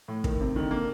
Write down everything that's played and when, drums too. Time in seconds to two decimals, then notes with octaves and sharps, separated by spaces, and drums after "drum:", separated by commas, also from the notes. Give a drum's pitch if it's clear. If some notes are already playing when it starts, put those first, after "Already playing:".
0.08 A2
0.24 D#3, drum: kick
0.41 C3
0.56 D3 D#3
0.71 A#3